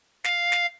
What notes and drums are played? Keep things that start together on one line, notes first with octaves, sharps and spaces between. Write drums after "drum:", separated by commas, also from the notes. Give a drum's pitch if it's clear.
F5, drum: snare
drum: snare